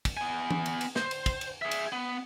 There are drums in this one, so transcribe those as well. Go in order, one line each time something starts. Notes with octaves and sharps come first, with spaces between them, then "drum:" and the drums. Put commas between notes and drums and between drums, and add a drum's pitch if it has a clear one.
drum: kick, cymbal
B3 G#5
drum: tom E3
drum: cymbal
drum: cymbal
C5, drum: snare
drum: cymbal
drum: kick, cymbal
drum: cymbal
G#4 E5
drum: cymbal
B3